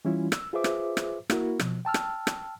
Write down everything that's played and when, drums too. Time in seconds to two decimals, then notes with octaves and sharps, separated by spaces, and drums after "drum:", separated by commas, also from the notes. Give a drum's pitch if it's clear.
0.05 E3 G3 C#4 E4 F4
0.32 E6, drum: rim click
0.53 F4 G#4 B4 C5 E5 D6
0.64 drum: rim click
0.97 drum: rim click
1.30 A#3 E4 F#4 A#4, drum: rim click
1.59 B2 F3, drum: rim click
1.85 G5 A5 E6 F6
1.94 drum: rim click
2.27 drum: rim click